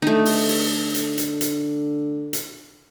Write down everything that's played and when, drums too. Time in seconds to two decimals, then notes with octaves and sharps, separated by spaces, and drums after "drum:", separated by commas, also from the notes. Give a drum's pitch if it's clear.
0.02 D3 A3 D#4
0.25 drum: open hi-hat
0.48 drum: open hi-hat
0.95 drum: hi-hat
1.18 drum: hi-hat
1.41 drum: hi-hat
2.33 drum: hi-hat